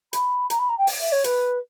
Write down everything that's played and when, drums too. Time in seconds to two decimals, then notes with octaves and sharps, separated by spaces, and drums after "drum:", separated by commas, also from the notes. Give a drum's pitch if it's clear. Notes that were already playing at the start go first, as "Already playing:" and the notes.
0.13 B5, drum: hi-hat
0.50 A#5, drum: hi-hat
0.59 B5
0.69 A#5
0.78 G5
0.87 drum: open hi-hat
1.00 E5
1.12 C#5
1.24 B4, drum: hi-hat